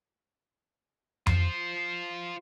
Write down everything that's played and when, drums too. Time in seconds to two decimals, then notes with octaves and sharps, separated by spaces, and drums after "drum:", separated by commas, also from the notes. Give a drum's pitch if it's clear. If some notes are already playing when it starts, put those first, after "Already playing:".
1.27 F4 C5, drum: tom F2